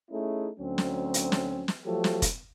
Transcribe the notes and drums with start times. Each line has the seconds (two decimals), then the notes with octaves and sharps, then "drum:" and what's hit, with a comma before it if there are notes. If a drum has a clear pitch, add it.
0.11 A3 C#4 D#4 E4 G#4
0.60 D2 F#3 C4 C#4
0.78 drum: snare
1.14 drum: hi-hat
1.32 drum: snare
1.68 drum: snare
1.85 F3 F#3 A3 G4 A4
2.04 drum: snare
2.22 drum: kick F1, hi-hat